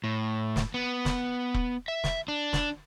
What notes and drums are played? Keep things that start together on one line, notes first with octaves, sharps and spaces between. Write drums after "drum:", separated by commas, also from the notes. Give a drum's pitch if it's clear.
A2
drum: snare
B3
drum: snare
drum: kick E1
E5
drum: snare
D4
drum: snare